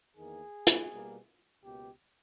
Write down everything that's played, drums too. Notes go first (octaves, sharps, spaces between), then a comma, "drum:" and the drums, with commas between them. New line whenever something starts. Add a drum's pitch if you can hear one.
E2 D#3 A#3 G#4
drum: hi-hat
B2 G3 A#3
C#2 B2 A#3 G4